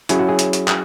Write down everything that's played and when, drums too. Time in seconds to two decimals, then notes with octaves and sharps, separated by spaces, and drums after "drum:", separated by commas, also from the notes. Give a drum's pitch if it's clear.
0.09 F#3 C#4 E4 G#4, drum: hi-hat
0.19 F#4
0.29 G#4
0.39 drum: hi-hat
0.53 drum: hi-hat
0.68 drum: clap